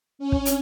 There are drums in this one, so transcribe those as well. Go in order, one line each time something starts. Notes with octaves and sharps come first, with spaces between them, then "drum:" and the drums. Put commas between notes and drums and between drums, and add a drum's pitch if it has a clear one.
C#4
drum: kick
drum: hi-hat